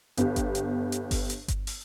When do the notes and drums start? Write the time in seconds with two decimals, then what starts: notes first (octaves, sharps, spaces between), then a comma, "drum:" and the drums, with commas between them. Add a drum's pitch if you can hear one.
0.17 G1 B3 G4, drum: hi-hat
0.36 drum: kick G1, hi-hat
0.55 drum: hi-hat
0.92 drum: hi-hat
1.11 drum: kick G1, open hi-hat
1.30 drum: hi-hat
1.48 drum: kick G1, hi-hat
1.67 drum: open hi-hat